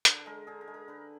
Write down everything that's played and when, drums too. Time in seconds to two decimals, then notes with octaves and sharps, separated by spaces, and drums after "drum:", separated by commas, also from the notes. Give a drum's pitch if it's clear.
0.05 D3 B4, drum: hi-hat
0.26 G#3 A#4
0.47 D3 G#4
0.61 A#4
0.68 G#3
0.74 A#4
0.88 D3 B4